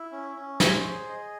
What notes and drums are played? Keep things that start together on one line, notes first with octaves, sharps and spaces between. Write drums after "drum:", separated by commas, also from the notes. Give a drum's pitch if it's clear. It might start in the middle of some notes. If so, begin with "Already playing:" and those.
Already playing: E4
C#4
C#4
C5, drum: snare
G#4
D#5